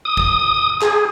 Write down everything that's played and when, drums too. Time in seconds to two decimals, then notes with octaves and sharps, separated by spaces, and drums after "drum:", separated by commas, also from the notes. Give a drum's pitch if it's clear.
0.05 D#6
0.17 drum: kick
0.82 G#4, drum: clap